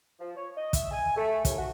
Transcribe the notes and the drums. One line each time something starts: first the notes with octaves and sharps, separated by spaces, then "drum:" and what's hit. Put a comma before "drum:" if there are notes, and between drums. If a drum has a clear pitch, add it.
F3
C#5
D#5
E5, drum: kick, hi-hat
G#5
A3
D#2, drum: kick, hi-hat
F#4